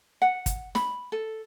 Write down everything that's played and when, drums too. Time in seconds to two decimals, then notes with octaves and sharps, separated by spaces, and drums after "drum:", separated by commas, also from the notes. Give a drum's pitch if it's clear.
0.22 F#5
0.46 drum: kick, hi-hat
0.75 B5, drum: snare
1.12 A4